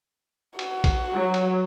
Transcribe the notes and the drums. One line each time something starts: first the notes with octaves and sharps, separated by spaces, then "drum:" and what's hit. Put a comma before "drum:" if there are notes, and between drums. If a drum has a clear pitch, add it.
F#4, drum: cymbal
drum: kick A#1, cymbal
F#3
drum: cymbal